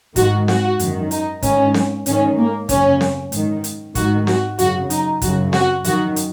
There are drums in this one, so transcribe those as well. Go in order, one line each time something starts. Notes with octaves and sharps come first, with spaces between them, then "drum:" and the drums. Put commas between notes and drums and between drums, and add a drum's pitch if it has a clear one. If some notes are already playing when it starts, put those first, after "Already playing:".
G#2 D#3 F#4, drum: kick, hi-hat
F#4, drum: snare C4
F#2 D#3, drum: hi-hat
D#4, drum: hi-hat
G#2 D#3 C#4, drum: kick, hi-hat
drum: snare C4
G#2 D#3 C#4, drum: hi-hat
A#3
F#2 C#3 C#4, drum: kick, hi-hat
drum: snare C4
G#2 D#3, drum: hi-hat
drum: hi-hat
G#2 D#3 F#4, drum: kick, hi-hat
F#4, drum: snare C4
F#2 C#3 F#4, drum: hi-hat
D#4, drum: hi-hat
F#2 C#3 F#4, drum: kick, hi-hat
F#4, drum: snare C4
F#2 D#3 F#4, drum: hi-hat
drum: hi-hat